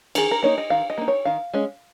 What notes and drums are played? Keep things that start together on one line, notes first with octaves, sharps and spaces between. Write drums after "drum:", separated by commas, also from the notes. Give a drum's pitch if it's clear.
D#3 G#4, drum: cymbal
A#4
A#3 D#4 C#5
D#5
D#3 F5
D#5
A#3 D#4
C#5
D#3 F5
G#3 C#4